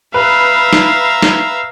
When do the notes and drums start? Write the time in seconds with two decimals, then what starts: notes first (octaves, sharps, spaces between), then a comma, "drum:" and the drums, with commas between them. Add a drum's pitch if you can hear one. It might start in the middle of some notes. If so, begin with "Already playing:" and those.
0.14 B4 E5 F5 A#5 E6
0.73 drum: snare
1.22 drum: snare